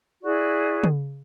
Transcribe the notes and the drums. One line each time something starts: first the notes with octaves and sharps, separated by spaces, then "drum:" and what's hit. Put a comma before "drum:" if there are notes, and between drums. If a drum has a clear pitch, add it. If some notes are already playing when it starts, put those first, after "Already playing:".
E4 F#4 G#4 D5
drum: tom C#3